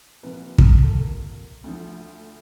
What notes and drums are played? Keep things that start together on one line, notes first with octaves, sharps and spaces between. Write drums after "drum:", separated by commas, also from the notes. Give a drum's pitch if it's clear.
C2 A#2 F3 B4
drum: kick
A4
A#4
D2 D3 F3